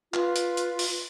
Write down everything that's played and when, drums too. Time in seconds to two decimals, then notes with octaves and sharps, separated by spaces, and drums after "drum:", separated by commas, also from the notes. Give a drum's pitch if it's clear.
0.14 F4 B4, drum: clap
0.36 drum: hi-hat
0.57 drum: hi-hat
0.79 drum: open hi-hat